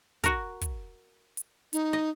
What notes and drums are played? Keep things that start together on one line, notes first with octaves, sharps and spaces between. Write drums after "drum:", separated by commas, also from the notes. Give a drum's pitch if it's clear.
F#4 A#4, drum: kick, hi-hat
drum: kick, hi-hat
drum: hi-hat
D#4, drum: hi-hat
D#5